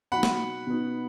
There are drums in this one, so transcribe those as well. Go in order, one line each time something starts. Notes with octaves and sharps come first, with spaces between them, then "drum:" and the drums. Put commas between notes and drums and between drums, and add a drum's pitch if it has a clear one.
B2 F#3 D#4 F#4 F#5 B5
drum: snare
B2 B3 D#4 F#4